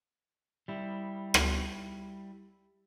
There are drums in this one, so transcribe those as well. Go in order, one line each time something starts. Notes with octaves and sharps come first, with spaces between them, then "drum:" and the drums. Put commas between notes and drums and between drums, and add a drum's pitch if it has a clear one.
G3 E4
drum: rim click